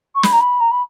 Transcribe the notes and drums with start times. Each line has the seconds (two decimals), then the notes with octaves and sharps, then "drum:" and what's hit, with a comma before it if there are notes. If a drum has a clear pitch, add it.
0.15 C#6
0.23 B5, drum: snare
0.32 A#5
0.40 B5
0.60 A#5
0.71 B5